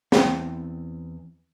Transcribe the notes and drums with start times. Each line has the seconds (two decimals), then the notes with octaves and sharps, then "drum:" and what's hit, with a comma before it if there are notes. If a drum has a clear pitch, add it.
0.12 E2 E3 C4 A5, drum: snare